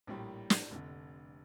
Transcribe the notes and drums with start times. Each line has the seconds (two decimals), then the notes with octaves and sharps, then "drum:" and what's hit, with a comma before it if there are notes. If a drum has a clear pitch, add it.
0.07 A#1 A2 G3 A#3
0.50 drum: snare
0.71 F1 F2 D3